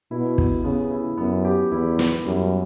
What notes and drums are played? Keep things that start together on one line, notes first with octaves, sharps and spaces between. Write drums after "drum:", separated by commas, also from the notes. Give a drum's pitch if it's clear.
B2 E4
B3, drum: kick
C#3 B3
E4
F#2 B3
G4
E2 E4
B3, drum: snare
F#2 G3